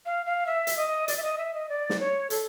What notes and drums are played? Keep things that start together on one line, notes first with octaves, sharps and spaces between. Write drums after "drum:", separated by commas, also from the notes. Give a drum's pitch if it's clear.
F5
F5
E5
drum: hi-hat
D#5
D5, drum: hi-hat
E5
D#5
E5
D#5
D5
drum: snare
C#5
A4, drum: hi-hat